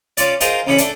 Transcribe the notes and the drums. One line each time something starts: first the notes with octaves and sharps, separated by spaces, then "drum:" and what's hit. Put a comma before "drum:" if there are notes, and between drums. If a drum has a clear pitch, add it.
C#4 F4 D5, drum: hi-hat
D#4 F4 G#4 A#4 C5, drum: hi-hat
A1 A2 C#4 C#5 B5
A3 D4, drum: hi-hat